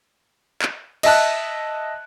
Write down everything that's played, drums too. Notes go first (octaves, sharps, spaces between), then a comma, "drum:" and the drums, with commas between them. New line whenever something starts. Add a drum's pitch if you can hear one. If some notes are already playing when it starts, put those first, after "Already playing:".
drum: clap
D#5 E5 A5 F#6, drum: cymbal